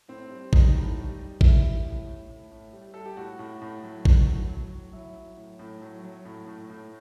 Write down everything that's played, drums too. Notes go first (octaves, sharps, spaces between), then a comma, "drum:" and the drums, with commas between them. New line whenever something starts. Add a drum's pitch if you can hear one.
A2 C4
G3
G3 D#4, drum: kick A1
A2
G3
G3
G3 E4, drum: kick A1
G3
A2
A2
A2
A2
G3
G3 A4
G4
A2 F#4
A2
A2
F#3
A2, drum: kick A1
F#3
F#3
A2
F#3 E4
F#3
A2
A2
F#3
F#3
A2
A2
A2